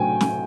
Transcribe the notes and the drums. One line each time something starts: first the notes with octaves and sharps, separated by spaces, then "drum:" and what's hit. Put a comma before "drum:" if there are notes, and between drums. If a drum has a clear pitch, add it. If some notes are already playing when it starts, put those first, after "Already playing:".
Already playing: A2 F#3 G5 G#5
drum: snare